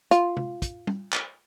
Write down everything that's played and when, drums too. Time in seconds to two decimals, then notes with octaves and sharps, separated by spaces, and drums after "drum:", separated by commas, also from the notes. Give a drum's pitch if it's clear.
0.11 F4, drum: hi-hat
0.37 drum: tom C3
0.62 drum: kick, hi-hat
0.87 drum: tom
1.13 drum: clap